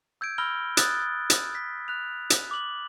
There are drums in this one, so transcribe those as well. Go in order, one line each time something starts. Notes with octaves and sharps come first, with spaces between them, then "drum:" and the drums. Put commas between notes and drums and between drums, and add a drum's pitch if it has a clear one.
E6 G6 G#6 D7
B5 E6 F6 A#6 G7
D#6 F#6 G#6 A6, drum: hi-hat
drum: hi-hat
B6
F#6 F7
drum: hi-hat
D6 F#7